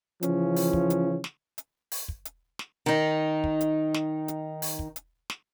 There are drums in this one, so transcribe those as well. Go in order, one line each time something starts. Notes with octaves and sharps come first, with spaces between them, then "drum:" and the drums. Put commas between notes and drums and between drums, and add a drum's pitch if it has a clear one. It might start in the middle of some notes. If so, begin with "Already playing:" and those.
C#3 E3 F3 C#4, drum: hi-hat
drum: open hi-hat
drum: kick
drum: hi-hat
drum: snare
drum: hi-hat
drum: open hi-hat
drum: kick
drum: hi-hat
drum: snare
D#3 D#4
drum: kick
drum: hi-hat
drum: snare
drum: hi-hat
drum: open hi-hat
drum: kick
drum: hi-hat
drum: snare